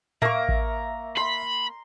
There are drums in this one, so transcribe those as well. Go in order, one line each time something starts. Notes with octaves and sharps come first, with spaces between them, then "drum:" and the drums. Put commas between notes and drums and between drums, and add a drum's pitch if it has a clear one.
A#3 E5 A#5 C#6, drum: tom A2
drum: kick A1
B5 C6